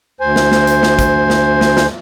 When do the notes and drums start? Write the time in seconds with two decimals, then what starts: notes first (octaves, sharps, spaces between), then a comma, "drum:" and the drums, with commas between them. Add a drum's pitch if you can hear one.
0.20 D2 C5 G#5
0.36 drum: snare
0.52 drum: snare
0.67 drum: hi-hat
0.83 drum: snare
0.99 drum: kick, hi-hat
1.30 drum: snare
1.61 drum: snare
1.77 drum: snare